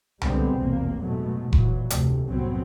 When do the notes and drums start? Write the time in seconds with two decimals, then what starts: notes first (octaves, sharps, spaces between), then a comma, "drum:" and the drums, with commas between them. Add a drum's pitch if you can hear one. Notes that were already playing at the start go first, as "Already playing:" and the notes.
0.22 D3 G3 G#3 B3 C4, drum: tom C2
0.56 F1 B1 E2 A#3
1.02 G#2 B2 F#3 A3
1.53 A#2 E3 F#3, drum: kick F1
1.90 F1 D2 C3, drum: hi-hat
2.28 C2 F#2 A2 F#3 B3 C4